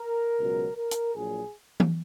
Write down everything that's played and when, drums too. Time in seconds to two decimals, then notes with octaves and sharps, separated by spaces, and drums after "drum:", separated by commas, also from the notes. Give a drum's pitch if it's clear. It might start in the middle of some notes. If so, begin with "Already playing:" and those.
Already playing: A#4
0.40 C#2 B2 F#3
0.78 A#4
0.91 drum: hi-hat
1.15 A#1 A#2 F#3 G#4
1.80 drum: tom E3